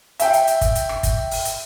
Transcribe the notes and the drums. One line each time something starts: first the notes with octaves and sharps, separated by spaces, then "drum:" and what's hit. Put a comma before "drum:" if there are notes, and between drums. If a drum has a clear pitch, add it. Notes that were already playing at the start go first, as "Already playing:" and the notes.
E5 G5, drum: hi-hat
drum: hi-hat
drum: hi-hat
drum: kick, hi-hat
drum: hi-hat
drum: rim click
drum: kick, hi-hat
drum: open hi-hat
drum: hi-hat